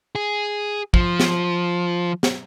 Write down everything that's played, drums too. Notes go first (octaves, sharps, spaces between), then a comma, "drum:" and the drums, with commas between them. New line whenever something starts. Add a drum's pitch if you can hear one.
G#4
F3, drum: kick
drum: snare
drum: snare